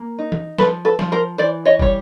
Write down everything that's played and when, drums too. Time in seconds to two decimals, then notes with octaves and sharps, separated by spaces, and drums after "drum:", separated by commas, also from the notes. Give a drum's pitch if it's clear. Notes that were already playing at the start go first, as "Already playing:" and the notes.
Already playing: A#3
0.19 D#4
0.32 drum: tom
0.58 F3 A4 B4, drum: snare
0.85 A4 B4
0.99 F3, drum: snare
1.12 A#4 C5
1.38 E3 C5 D5
1.65 C#5 D#5
1.79 G3 C#5, drum: kick